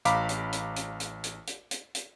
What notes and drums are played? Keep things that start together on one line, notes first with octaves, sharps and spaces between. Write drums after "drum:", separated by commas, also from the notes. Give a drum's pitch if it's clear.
A1 F5 A#5 B5 D6 B6, drum: hi-hat
drum: hi-hat
drum: hi-hat
drum: hi-hat
drum: hi-hat
drum: hi-hat
drum: hi-hat
drum: hi-hat
drum: hi-hat